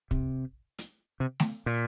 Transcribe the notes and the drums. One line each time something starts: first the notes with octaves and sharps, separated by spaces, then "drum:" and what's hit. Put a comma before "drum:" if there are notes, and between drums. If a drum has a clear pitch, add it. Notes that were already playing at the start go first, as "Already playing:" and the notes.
C3, drum: kick
drum: hi-hat
C3
drum: snare A3
A#2